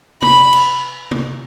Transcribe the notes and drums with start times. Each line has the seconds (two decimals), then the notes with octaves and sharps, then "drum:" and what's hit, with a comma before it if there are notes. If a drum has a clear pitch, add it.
0.22 B5, drum: tom
0.53 drum: cymbal
1.11 drum: tom